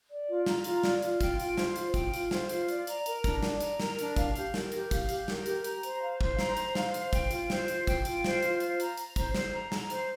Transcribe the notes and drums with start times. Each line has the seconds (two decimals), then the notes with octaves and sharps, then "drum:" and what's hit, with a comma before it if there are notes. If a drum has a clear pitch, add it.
0.10 D5
0.28 F4
0.46 A#5, drum: snare
0.64 F4, drum: hi-hat
0.83 D5, drum: snare
1.02 F4, drum: hi-hat
1.21 G5, drum: kick, hi-hat
1.40 F4, drum: hi-hat
1.58 C5, drum: snare
1.76 F4, drum: hi-hat
1.94 G5, drum: kick, hi-hat
2.14 F4, drum: hi-hat
2.31 C5, drum: snare
2.49 F4, drum: hi-hat
2.69 D5, drum: hi-hat
2.87 A#5, drum: hi-hat
3.06 A#4, drum: hi-hat
3.24 D4, drum: kick, hi-hat
3.43 D5, drum: snare
3.61 A#5, drum: hi-hat
3.80 A#4, drum: snare
3.99 D4, drum: hi-hat
4.16 F5, drum: kick, hi-hat
4.36 G4, drum: hi-hat
4.54 A#4, drum: snare
4.72 G4, drum: hi-hat
4.91 F5, drum: kick, hi-hat
5.09 G4, drum: hi-hat
5.28 A#4, drum: snare
5.46 G4, drum: hi-hat
5.64 A#5, drum: hi-hat
5.83 C5, drum: hi-hat
6.02 F5
6.21 C5, drum: kick
6.39 A#5, drum: snare
6.57 C5, drum: hi-hat
6.75 F5, drum: snare
6.94 C5, drum: hi-hat
7.13 G5, drum: kick, hi-hat
7.31 F4, drum: hi-hat
7.50 C5, drum: snare
7.68 F4, drum: hi-hat
7.87 G5, drum: kick, hi-hat
8.05 F4, drum: hi-hat
8.24 C5, drum: snare
8.43 F4, drum: hi-hat
8.60 C5, drum: hi-hat
8.80 A#5, drum: hi-hat
8.98 A#5, drum: hi-hat
9.16 C5, drum: kick, hi-hat
9.34 C5, drum: snare
9.54 A#5
9.72 A#5, drum: snare
9.90 C5, drum: hi-hat